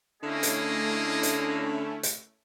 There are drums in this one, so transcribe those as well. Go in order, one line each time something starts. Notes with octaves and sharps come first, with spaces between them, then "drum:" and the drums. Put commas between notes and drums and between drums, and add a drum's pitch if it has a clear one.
D3 A3 A#3 C#4 E4 G#4 D#5
drum: hi-hat
drum: hi-hat
drum: hi-hat